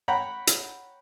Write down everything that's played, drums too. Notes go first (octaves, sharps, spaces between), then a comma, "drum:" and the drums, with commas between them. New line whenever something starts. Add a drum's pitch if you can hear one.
C#5 F#5 G5 A#5 B5
drum: hi-hat